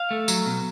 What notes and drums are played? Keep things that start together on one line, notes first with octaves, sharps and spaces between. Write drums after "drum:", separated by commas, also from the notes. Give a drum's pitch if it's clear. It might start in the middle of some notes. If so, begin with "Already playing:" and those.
Already playing: F5
A3
F#3, drum: tambourine
B2